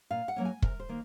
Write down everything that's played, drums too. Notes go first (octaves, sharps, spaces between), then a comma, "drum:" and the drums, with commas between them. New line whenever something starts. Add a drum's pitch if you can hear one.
A#2 F5
F#5
F#3 A#3 C#4
G#5
C3 A#4, drum: kick
C5
D#3 A#3